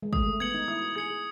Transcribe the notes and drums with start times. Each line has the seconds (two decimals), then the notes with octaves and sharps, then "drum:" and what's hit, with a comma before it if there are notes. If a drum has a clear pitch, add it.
0.02 G#3
0.13 A3 D#6, drum: kick
0.26 A3
0.40 B3 G#6 C#7 F#7
0.54 D#4
0.68 E4 D#6
0.82 F#4
0.96 G#4 G#6 C#7 F#7
1.10 G#4